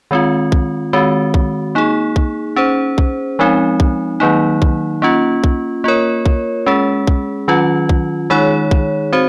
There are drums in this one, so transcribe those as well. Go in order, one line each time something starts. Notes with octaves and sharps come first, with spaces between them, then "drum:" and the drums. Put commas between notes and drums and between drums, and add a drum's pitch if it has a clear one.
D#3 G#3 C4 F4
drum: kick B1
D#3 G#3 C4 F#4
drum: kick B1
A#3 D#4 G#4
drum: kick B1
C#4 G#4 C5
drum: kick B1
F3 G#3 C4 D#4
drum: kick B1
D#3 F#3 A#3 D#4
drum: kick B1
A#3 C#4 F4
drum: kick B1
A#3 F4 A#4 C#5
drum: kick B1
G#3 C#4 G#4
drum: kick B1
D#3 F#3 C#4 F4
drum: kick B1
D#3 G#3 D#4 G#4 C#5
drum: kick B1
C4 F#4 C5